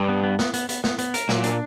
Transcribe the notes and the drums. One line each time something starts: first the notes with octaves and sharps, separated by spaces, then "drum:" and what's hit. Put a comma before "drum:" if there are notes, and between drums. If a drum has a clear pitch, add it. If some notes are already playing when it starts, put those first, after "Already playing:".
Already playing: G2
B3
B3
B3, drum: snare
B3, drum: hi-hat
B3, drum: hi-hat
B3, drum: snare
B3, drum: hi-hat
A#4, drum: hi-hat
A#2 F#3, drum: snare
D4, drum: hi-hat